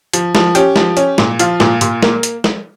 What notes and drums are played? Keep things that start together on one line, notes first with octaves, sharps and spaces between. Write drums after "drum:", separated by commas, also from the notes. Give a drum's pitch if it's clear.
F3, drum: hi-hat
F3, drum: snare
C#4 G4, drum: hi-hat
F3, drum: snare
C#4, drum: hi-hat
A#2, drum: snare
F3 F4, drum: hi-hat
A#2, drum: snare
A#2, drum: hi-hat
A#3, drum: snare
drum: hi-hat
drum: snare